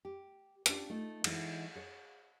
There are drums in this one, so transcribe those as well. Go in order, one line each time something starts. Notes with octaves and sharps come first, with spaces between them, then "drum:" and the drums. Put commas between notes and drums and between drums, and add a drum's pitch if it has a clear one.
G4
C#4 D4 F4 G4, drum: hi-hat
A3 D#4 F4
E3 G#3 D#4 E4, drum: cymbal
G#4 C#5 F5